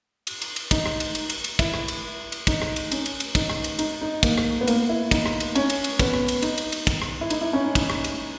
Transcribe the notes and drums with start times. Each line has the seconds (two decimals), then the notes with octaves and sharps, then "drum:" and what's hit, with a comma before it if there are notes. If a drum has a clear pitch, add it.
0.27 drum: cymbal
0.42 drum: cymbal
0.56 drum: cymbal
0.71 D#4, drum: kick, cymbal
0.86 drum: rim click
1.00 drum: cymbal
1.15 drum: cymbal
1.30 drum: cymbal
1.44 drum: cymbal
1.59 E4, drum: kick, cymbal
1.74 drum: rim click
1.88 drum: cymbal
2.32 drum: cymbal
2.47 D#4, drum: kick, cymbal
2.62 drum: rim click
2.76 drum: cymbal
2.91 C#4, drum: cymbal
3.06 drum: cymbal
3.20 drum: cymbal
3.35 D#4, drum: kick, cymbal
3.50 drum: rim click
3.64 drum: cymbal
3.79 D#4, drum: cymbal
4.02 D#4
4.23 A#3, drum: kick, cymbal
4.38 drum: rim click
4.61 B3
4.67 A#3, drum: cymbal
4.89 E4
5.11 D#4, drum: kick, cymbal
5.26 drum: rim click
5.40 drum: cymbal
5.55 C#4, drum: cymbal
5.70 drum: cymbal
5.84 drum: cymbal
5.99 B3, drum: kick, cymbal
6.14 drum: rim click
6.28 drum: cymbal
6.42 D#4, drum: cymbal
6.58 drum: cymbal
6.72 drum: cymbal
6.87 drum: kick, cymbal
7.02 drum: rim click
7.21 E4
7.30 D#4, drum: cymbal
7.41 E4
7.53 C#4
7.65 D#4
7.75 D#4, drum: kick, cymbal
7.90 drum: rim click
8.04 drum: cymbal